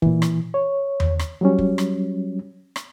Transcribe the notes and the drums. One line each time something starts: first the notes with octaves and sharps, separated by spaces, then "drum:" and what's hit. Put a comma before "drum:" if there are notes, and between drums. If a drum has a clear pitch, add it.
A#2 E3, drum: kick
drum: rim click
C#5
drum: tom E2
drum: rim click
F#3 G3 C#4
drum: kick
drum: rim click
drum: rim click